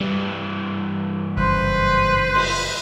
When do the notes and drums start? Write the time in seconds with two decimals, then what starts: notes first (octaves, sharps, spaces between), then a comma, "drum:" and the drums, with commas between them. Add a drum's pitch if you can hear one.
0.01 G2 E3 G3
1.37 F#1 B4 C5
2.35 drum: cymbal